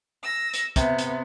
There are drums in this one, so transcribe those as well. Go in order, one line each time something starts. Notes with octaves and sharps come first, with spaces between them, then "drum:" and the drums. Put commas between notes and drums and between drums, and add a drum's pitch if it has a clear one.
E6 A#6
drum: hi-hat
C3 B3, drum: kick, hi-hat
drum: hi-hat